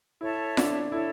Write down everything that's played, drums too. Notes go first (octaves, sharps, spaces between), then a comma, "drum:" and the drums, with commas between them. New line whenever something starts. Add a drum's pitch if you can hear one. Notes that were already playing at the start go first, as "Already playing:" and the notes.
E4 A4 C#5 E5 A5
D4, drum: snare F4
E4 A4 C#5 E5 A5